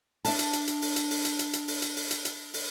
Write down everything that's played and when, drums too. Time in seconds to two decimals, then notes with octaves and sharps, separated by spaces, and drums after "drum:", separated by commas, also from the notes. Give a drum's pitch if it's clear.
0.25 D4 E5 A5, drum: open hi-hat
0.39 drum: hi-hat
0.53 drum: hi-hat
0.67 drum: hi-hat
0.82 drum: open hi-hat
0.96 drum: hi-hat
1.10 drum: open hi-hat
1.25 drum: hi-hat
1.39 drum: hi-hat
1.53 drum: hi-hat
1.68 drum: open hi-hat
1.82 drum: hi-hat
1.96 drum: open hi-hat
2.11 drum: hi-hat
2.25 drum: hi-hat
2.54 drum: open hi-hat